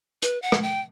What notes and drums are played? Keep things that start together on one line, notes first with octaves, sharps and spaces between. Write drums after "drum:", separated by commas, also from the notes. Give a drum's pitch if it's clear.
B4, drum: hi-hat
F#5
drum: rim click
G5